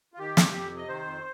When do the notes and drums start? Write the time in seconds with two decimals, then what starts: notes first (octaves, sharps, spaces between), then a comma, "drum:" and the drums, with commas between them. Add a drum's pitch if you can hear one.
0.14 F4
0.19 D#3 G4
0.37 F2, drum: snare
0.53 F2
0.71 C3
0.77 D#5
0.89 D#3 C5
1.06 F2